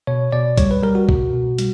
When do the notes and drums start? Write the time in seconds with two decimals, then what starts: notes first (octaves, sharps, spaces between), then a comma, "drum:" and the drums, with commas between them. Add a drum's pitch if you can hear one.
0.07 B2 C#5
0.32 B2 D5
0.58 G3 C#5, drum: kick B1, hi-hat
0.71 B4
0.83 G3 A#4
0.95 F#4
1.09 B2, drum: kick B1
1.33 B2
1.58 G3, drum: hi-hat